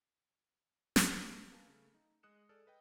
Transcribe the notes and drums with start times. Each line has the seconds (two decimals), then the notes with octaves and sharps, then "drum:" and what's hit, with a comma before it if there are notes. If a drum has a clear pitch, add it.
0.96 drum: snare
1.50 A#4 B4 F5 G#5 A5
1.67 C#3 A3 C#4
1.94 D#4
2.23 G#3 D#5 D#6 F#6 C#7 E7
2.49 G#4 A4 D5 D#6 F6
2.67 B4 D#5 G5